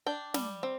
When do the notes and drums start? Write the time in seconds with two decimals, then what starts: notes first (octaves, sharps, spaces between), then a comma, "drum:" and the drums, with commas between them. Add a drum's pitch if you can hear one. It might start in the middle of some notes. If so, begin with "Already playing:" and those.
0.06 D4 G5
0.34 G3, drum: snare
0.63 C4